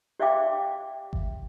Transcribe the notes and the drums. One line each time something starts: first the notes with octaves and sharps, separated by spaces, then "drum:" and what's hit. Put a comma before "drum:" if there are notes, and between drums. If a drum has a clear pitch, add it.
G4 D5 E5 F5 G5 D6
drum: kick G1